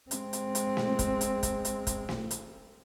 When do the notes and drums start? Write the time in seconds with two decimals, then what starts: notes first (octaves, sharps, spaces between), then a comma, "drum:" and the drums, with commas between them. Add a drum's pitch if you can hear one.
0.11 G#3 C4, drum: hi-hat
0.33 drum: hi-hat
0.55 drum: hi-hat
0.77 drum: snare
0.99 drum: kick, hi-hat
1.21 drum: hi-hat
1.43 drum: kick, hi-hat
1.65 drum: hi-hat
1.87 drum: kick, hi-hat
2.09 drum: snare
2.31 drum: hi-hat